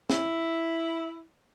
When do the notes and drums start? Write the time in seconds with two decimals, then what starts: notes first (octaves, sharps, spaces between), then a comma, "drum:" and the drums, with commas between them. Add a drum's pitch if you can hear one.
0.10 E4, drum: snare